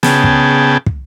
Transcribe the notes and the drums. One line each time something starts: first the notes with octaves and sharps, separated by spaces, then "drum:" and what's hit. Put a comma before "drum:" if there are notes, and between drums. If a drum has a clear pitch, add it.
C#3 B3 G#4 G5 A5, drum: snare
drum: kick
drum: kick